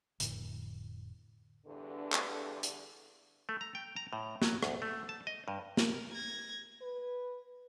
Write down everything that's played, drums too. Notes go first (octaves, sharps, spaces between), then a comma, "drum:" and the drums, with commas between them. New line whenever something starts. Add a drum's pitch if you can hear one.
F1 A2 D3, drum: hi-hat
E2 G2 D3
drum: clap
drum: hi-hat
A3
A#5
G5
A#5
A2
F#3, drum: snare
D2, drum: rim click
A3
A5
D#5
G2
A#4, drum: snare
G#6 A#6
B4